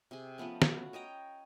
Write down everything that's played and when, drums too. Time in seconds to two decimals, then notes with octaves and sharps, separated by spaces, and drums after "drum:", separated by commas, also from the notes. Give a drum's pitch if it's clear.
0.11 C3 G#4
0.38 F3 A3 B3 C#4
0.62 F#4 F5, drum: snare
0.93 C#5 D#5 G5 A#5